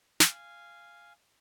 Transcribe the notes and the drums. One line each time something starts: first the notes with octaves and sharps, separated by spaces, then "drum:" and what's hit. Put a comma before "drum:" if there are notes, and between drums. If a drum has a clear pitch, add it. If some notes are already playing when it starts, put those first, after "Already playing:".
F5 G#5, drum: snare